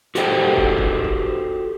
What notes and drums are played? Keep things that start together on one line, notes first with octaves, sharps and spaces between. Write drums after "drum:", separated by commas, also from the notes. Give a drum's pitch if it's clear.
F#4 G4 A4 C5 G5, drum: hi-hat
drum: kick
drum: kick
drum: kick